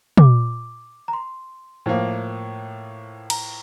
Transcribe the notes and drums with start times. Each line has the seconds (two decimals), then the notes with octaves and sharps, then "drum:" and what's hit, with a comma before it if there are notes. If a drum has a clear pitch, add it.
0.17 D6, drum: tom
1.08 A#5
1.13 C6
1.86 A2 F3 A#3
3.30 A#5, drum: cymbal